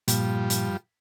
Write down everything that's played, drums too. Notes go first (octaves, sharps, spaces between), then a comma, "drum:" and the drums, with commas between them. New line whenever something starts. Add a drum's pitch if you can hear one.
G2 A#2 F3 G3, drum: hi-hat
drum: hi-hat